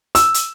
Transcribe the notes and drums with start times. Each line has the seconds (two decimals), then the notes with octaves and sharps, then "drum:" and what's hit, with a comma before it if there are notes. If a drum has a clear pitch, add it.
0.15 E6, drum: hi-hat
0.34 drum: hi-hat